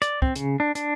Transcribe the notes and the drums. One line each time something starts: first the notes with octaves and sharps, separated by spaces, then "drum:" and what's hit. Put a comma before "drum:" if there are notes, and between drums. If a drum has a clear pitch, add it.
D5, drum: hi-hat
C4, drum: kick
C#3, drum: hi-hat
D4
D4, drum: hi-hat